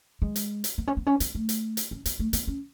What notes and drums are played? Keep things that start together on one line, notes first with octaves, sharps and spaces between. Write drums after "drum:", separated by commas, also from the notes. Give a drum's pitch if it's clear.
G#3
drum: hi-hat
drum: hi-hat
B3
C#4
B3
C#4
B3, drum: hi-hat
A3
drum: hi-hat
drum: hi-hat
C#4
B3, drum: hi-hat
A3
B3, drum: hi-hat
C#4